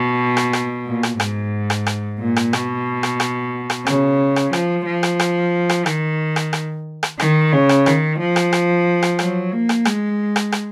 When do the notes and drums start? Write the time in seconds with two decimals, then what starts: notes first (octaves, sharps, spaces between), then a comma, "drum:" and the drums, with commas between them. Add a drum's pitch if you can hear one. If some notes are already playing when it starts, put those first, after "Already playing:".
Already playing: B2
0.37 drum: rim click
0.53 drum: rim click
0.87 A#2
1.03 drum: rim click
1.20 G#2, drum: rim click
1.70 drum: rim click
1.86 drum: rim click
2.19 A#2
2.36 drum: rim click
2.53 B2, drum: rim click
3.03 drum: rim click
3.20 drum: rim click
3.70 drum: rim click
3.86 C#3, drum: rim click
4.36 drum: rim click
4.53 F3, drum: rim click
4.86 F3
5.03 drum: rim click
5.20 drum: rim click
5.69 drum: rim click
5.86 D#3, drum: rim click
6.36 drum: rim click
6.53 drum: rim click
7.03 drum: rim click
7.20 D#3, drum: rim click
7.52 C#3
7.69 drum: rim click
7.86 D#3, drum: rim click
8.19 F3
8.36 drum: rim click
8.53 drum: rim click
9.02 drum: rim click
9.19 F#3, drum: rim click
9.52 A#3
9.69 drum: rim click
9.85 G#3, drum: rim click
10.36 drum: rim click
10.52 drum: rim click